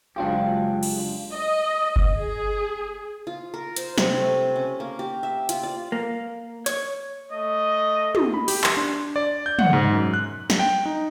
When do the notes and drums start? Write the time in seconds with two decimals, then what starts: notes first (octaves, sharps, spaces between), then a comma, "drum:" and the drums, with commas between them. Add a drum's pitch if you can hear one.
0.16 F#1 F3 F#3 G#3 D4 F4 G4
0.83 drum: cymbal
1.30 D#5
1.96 drum: kick F#1
2.19 G#4
3.27 F4
3.54 A#4
3.76 C5, drum: hi-hat
3.98 C3, drum: snare
4.18 A3
4.56 C#4
4.80 A#3
4.99 G4
5.23 E5
5.49 F4, drum: hi-hat
5.63 D5
5.92 A#3
6.66 C#5, drum: hi-hat
7.32 A3 D#5
8.15 drum: tom
8.34 B5
8.48 G4, drum: open hi-hat
8.64 C6, drum: clap
8.77 D4
9.16 D5
9.46 G6
9.59 F#5, drum: tom
9.73 G#2
9.93 F#2
10.14 F#6
10.50 drum: snare
10.59 G5
10.86 D#4